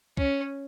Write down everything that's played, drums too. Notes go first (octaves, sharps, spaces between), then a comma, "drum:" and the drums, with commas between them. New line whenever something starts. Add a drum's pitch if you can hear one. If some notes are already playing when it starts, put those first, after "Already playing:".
C#4, drum: kick